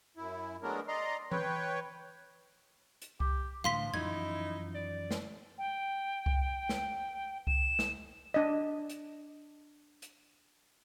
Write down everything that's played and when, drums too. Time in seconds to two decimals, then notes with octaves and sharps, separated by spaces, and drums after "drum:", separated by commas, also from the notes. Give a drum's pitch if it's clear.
0.17 F#2 E4
0.63 F#3 G#3 A3 B3 D4 A#4
0.88 D5 D#5 A#5 C6
1.32 B4 C#5 G5, drum: tom E3
3.02 drum: hi-hat
3.20 G4, drum: kick C2
3.64 A2 D3 E3 F3 F5 C6 B6
3.94 F#2 E3 F3 D#4 E4 G#6, drum: tom F2
4.75 D5
5.11 drum: snare
5.58 G5
6.26 drum: kick C2
6.69 drum: snare
7.47 E7, drum: kick C2
7.79 drum: snare
8.34 D4 D#5
8.89 drum: hi-hat
10.02 drum: hi-hat